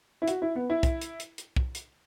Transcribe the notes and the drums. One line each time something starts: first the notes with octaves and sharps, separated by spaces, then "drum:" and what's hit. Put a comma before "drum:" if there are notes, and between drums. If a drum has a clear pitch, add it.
E4
F#4, drum: hi-hat
E4
B3
E4
drum: kick, hi-hat
drum: hi-hat
drum: hi-hat
drum: hi-hat
drum: kick
drum: hi-hat